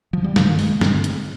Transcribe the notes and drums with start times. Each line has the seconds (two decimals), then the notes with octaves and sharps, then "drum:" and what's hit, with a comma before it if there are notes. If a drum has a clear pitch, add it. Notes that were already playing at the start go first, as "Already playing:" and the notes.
0.13 F3
0.24 G3
0.36 G2 D3 F3, drum: snare
0.47 D#3
0.59 G#3, drum: open hi-hat
0.70 G#3
0.81 G2 D3 C4, drum: snare
1.04 drum: hi-hat